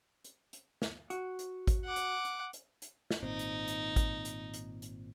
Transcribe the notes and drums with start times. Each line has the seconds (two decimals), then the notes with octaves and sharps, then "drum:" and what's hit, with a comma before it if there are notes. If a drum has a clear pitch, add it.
0.24 drum: hi-hat
0.53 drum: hi-hat
0.82 drum: snare
1.10 F#4, drum: hi-hat
1.39 drum: hi-hat
1.67 drum: kick G#1, hi-hat
1.85 F#5 D6
1.96 drum: hi-hat
2.25 drum: hi-hat
2.53 drum: hi-hat
2.82 drum: hi-hat
3.11 drum: snare
3.23 G#1 A#2 C4 D#4
3.39 drum: hi-hat
3.68 drum: hi-hat
3.96 drum: kick G#1, hi-hat
4.25 drum: hi-hat
4.54 drum: hi-hat
4.82 drum: hi-hat